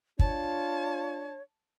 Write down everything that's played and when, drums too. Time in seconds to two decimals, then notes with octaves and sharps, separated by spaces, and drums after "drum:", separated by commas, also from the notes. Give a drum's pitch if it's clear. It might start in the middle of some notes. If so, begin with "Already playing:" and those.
0.19 D4 F4 C#5 A5, drum: kick